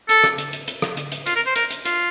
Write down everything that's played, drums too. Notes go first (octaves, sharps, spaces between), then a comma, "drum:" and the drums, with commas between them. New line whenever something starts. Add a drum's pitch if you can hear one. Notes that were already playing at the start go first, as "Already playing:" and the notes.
A4, drum: hi-hat
drum: rim click
drum: hi-hat
drum: hi-hat
drum: hi-hat
drum: rim click
drum: hi-hat
drum: hi-hat
F4, drum: hi-hat
A#4
C5
A#4, drum: hi-hat
drum: hi-hat
F4, drum: hi-hat